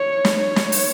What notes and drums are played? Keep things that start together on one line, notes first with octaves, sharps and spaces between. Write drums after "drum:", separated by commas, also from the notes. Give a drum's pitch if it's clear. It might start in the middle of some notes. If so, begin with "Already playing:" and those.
Already playing: C#5
drum: snare
C#5
drum: snare
drum: open hi-hat